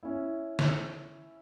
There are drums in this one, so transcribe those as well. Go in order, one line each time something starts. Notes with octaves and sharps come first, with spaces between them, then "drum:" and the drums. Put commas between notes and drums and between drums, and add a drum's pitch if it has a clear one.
C#4 E4
drum: snare